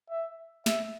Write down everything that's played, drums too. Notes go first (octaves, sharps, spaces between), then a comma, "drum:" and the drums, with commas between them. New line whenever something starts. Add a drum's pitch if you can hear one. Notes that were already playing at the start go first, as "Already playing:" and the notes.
E5
E5, drum: snare